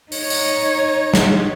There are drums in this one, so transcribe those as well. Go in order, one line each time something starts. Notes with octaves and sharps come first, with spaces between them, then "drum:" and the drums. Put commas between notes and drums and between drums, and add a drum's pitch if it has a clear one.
D#4 C#5, drum: open hi-hat
drum: open hi-hat
drum: snare